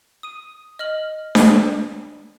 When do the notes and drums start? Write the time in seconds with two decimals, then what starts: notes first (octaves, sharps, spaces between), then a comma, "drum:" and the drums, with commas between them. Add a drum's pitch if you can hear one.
0.23 D#6 D#7
0.79 D#5 F6 F#7
1.35 drum: snare D4